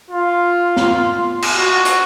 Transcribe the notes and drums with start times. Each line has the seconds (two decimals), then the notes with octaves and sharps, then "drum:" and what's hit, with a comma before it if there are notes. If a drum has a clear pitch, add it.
0.10 F4
0.76 drum: snare
1.42 drum: cymbal
1.57 F#4
1.85 drum: hi-hat